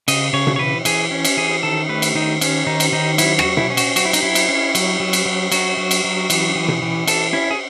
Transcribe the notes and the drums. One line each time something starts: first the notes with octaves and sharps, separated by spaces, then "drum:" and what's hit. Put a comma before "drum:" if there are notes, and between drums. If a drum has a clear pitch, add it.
C#3 D#5, drum: cymbal
C#3 C#5
drum: tom B2
C#5
E3 B4
E3 G#4, drum: cymbal
C#4
drum: cymbal
E3 G#4
D#3 A4
A3 B4
drum: cymbal
D#3 D#4
C#4, drum: cymbal
D#3 D#4
drum: cymbal
D#3 D#4
F#3 E4, drum: cymbal
F#4, drum: rim click
F#3
E4, drum: tom B2
C#4
F#4, drum: cymbal
F#3 F#4, drum: cymbal
E4
D#4, drum: cymbal
F#3 E4
drum: cymbal
C#4
F#3, drum: cymbal
F#3
drum: cymbal
F#3
F#3 F#4, drum: cymbal
F#3
drum: cymbal
F#3
E3, drum: cymbal
E3
drum: tom B2
E3
E3 A4, drum: cymbal
C#4 E4
G#4